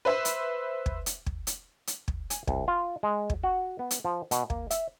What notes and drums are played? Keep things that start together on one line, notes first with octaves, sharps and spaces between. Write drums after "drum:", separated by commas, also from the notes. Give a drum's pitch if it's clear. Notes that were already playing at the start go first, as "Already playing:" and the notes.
B4 C5 E5
drum: hi-hat
drum: kick
drum: hi-hat
drum: kick
drum: hi-hat
drum: hi-hat
drum: kick
G#5, drum: hi-hat
C2, drum: kick
F4
G#3
drum: kick
F#4
B3
drum: hi-hat
F3
B2, drum: hi-hat
A#3, drum: kick
E5, drum: hi-hat